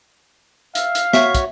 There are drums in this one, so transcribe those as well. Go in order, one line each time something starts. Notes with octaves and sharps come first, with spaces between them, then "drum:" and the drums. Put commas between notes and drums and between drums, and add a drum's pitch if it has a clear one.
E5 F5, drum: hi-hat
drum: hi-hat
F#4 C#5 E5, drum: snare
drum: kick, hi-hat